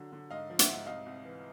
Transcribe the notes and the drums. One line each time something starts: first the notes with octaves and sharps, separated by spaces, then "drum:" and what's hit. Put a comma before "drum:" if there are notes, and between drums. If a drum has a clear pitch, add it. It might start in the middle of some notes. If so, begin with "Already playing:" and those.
Already playing: D3 F#3
D3
G#2 D#5 F5
F3
E5 F#5, drum: hi-hat
G#2
C2 D#5 F5
C2
E3